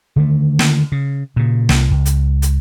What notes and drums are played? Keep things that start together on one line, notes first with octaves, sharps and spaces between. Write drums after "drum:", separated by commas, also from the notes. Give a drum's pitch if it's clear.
D3 D#3 A3
drum: snare
C#3
A#2 C#3
C2, drum: snare
C#2
drum: hi-hat
drum: hi-hat